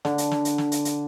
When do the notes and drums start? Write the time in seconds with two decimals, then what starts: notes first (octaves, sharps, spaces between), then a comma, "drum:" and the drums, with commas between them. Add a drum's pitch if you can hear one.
0.05 D3, drum: snare
0.18 drum: hi-hat
0.31 drum: snare
0.45 drum: hi-hat
0.58 drum: snare
0.72 drum: hi-hat
0.85 drum: hi-hat